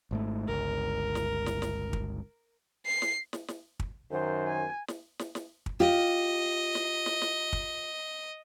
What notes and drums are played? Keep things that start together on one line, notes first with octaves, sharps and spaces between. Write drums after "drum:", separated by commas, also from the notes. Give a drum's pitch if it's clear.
G#1 G#2 A3
G1 C#2 A#4
drum: snare
drum: snare
drum: snare
drum: kick
C7
drum: snare
drum: snare
drum: snare
drum: kick
F#2 D#3 C5
G#5
drum: snare
drum: snare
drum: snare
drum: kick
F4 G4 D#5
drum: snare
drum: snare
drum: snare
drum: kick